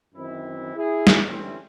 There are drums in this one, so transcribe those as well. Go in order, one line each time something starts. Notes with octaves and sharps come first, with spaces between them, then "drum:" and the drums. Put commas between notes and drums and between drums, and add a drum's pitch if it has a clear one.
F#2 D#3 E3 C4 E4
E4 G#4
drum: snare
D3 E3 G3 A3 C4 C#4